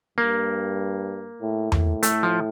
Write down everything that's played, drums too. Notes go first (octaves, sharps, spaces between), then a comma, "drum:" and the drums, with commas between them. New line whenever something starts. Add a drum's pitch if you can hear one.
G2 A#3
A2
A2, drum: tom E2
A3, drum: hi-hat
F3